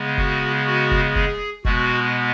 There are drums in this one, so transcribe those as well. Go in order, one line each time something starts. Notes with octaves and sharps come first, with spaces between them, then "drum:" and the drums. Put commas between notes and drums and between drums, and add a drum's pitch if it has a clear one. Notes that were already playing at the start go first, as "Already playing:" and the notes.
Already playing: C#3 G#3 B3
F#4, drum: kick F1
F#4
drum: kick F1
G#4, drum: kick F1
B2 G#3 B3 F#4, drum: kick F1